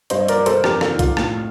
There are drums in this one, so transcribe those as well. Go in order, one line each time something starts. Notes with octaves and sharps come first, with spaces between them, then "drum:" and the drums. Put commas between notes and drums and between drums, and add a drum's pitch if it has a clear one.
G2 C5 D#5, drum: hi-hat
D#5
A#4 D5, drum: hi-hat
G2
A4 C5, drum: hi-hat
F2 G4 A#4, drum: rim click
F4 A4, drum: rim click
D#3
F4, drum: kick B1, hi-hat
A2, drum: rim click